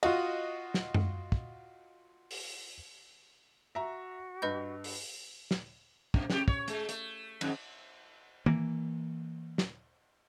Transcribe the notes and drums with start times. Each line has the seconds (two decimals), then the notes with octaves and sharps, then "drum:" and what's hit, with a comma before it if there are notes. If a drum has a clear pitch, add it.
0.03 F4 F#4 D#5, drum: cymbal
0.74 drum: snare
0.94 drum: tom F#2
1.32 drum: kick
2.31 drum: open hi-hat
3.75 F#4 E5 A#5
4.42 G2 B4 D#5 B5 G6
4.84 drum: open hi-hat
5.51 drum: snare
6.14 F#2 C3 A#3, drum: kick
6.30 A2 C3 G4, drum: snare
6.48 C#5, drum: kick
6.68 G#3 A3, drum: hi-hat
6.89 A3, drum: hi-hat
7.41 F2 G#2 D#3, drum: cymbal
8.46 E3 A#3, drum: tom D#3
9.58 drum: snare